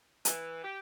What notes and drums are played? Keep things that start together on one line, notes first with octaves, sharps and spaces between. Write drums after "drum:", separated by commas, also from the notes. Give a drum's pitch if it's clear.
E3, drum: hi-hat
G4